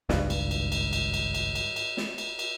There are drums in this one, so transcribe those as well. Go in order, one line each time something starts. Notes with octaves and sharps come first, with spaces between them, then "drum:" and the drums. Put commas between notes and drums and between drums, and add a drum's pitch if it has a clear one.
G#1 C#2 G2, drum: snare
drum: cymbal
drum: cymbal
drum: cymbal
drum: cymbal
drum: cymbal
drum: cymbal
drum: cymbal
drum: cymbal
drum: snare
drum: cymbal
drum: cymbal